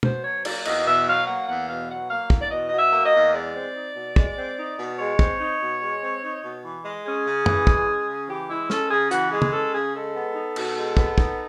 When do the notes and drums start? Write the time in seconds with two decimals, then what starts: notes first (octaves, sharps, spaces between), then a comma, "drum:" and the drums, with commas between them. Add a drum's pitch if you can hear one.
0.03 B2 C5, drum: tom
0.24 F#3 C#5
0.45 A#3 D5, drum: cymbal
0.65 E2 D#5, drum: cymbal
0.86 B2 E5
1.06 F#3 F5
1.27 A#3 F#5
1.47 E2 F#5
1.68 B2 F5
1.89 F#3 F#5
2.09 A#3 F5
2.30 E2, drum: kick
2.40 D5
2.51 B2 D#5
2.67 F#3 D#5
2.79 E5
2.92 A#3
3.06 D#5
3.13 E2
3.33 G#3 D5
3.54 C4
3.75 D#4
3.95 B2
4.16 G#3, drum: kick
4.36 C4
4.57 D#4
4.78 B2
4.99 G#3 C#5
5.19 C4, drum: kick
5.39 D#4
5.60 B2
5.81 G#3
6.02 C4
6.22 D#4
6.43 B2
6.63 E3
6.85 G#3
7.04 C#4 G#4
7.26 C#3
7.46 E3, drum: tom
7.67 G#3, drum: kick
7.87 C#4
8.08 C#3
8.28 E3 G4
8.49 G#3 E4
8.70 C#4 A4, drum: snare
8.91 C#3 G#4
9.11 E3 F#4, drum: hi-hat
9.31 G#3 G#4
9.42 drum: tom
9.52 C#4 A4
9.73 C#3 G#4
9.94 G#3 A4
10.14 B3
10.35 D#4
10.56 B2, drum: cymbal
10.76 G#3
10.97 B3, drum: kick
11.18 D#4, drum: kick